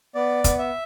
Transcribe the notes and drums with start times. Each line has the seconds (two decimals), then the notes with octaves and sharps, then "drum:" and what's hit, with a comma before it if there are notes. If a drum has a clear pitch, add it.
0.15 B3 D5
0.44 B3, drum: kick, hi-hat
0.59 E5